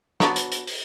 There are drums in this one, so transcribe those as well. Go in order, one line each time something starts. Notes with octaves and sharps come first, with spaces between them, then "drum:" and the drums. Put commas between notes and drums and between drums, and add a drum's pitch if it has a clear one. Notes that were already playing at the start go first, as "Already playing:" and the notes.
F#3 B3 D4, drum: snare
drum: hi-hat
drum: hi-hat
drum: open hi-hat